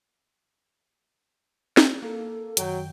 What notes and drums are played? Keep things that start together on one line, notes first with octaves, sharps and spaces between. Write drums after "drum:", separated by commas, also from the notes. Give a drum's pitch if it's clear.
drum: snare
A#3 A4
F#2 D#3 F#3 G5, drum: hi-hat